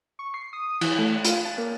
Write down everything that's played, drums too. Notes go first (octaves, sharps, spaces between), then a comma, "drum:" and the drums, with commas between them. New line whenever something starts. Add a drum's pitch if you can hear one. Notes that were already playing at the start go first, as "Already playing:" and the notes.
C#6
C7
D#6
E3, drum: cymbal
A3
F4, drum: hi-hat
A5
A#3